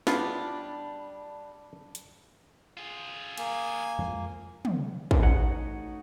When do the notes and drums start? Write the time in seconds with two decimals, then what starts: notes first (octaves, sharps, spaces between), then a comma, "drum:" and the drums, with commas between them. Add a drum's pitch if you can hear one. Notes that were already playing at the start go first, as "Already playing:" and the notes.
0.07 G3 B3 D4 E4 F4 A5 B5, drum: snare
1.95 drum: hi-hat
2.77 F4 G#4
3.37 A#3 G#5, drum: cymbal
3.98 F2 F3 G#3
4.65 drum: tom
5.11 drum: kick A1
5.23 A3 D#4 F#4 C#5 F#5